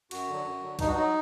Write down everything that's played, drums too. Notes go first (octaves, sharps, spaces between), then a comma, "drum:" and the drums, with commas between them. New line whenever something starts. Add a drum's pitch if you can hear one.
F#2 F#4, drum: cymbal
D3 F#3
F#2
D3 F#3
G2 D#4, drum: kick C2, cymbal
F#4
F#3 D#4